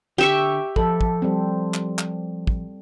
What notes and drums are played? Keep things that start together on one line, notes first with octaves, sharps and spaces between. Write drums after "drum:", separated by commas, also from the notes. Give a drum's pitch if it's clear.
D3 G4 E5 C#6
F3 A4 B5, drum: kick
drum: kick
G3 C4
drum: clap
drum: clap
drum: kick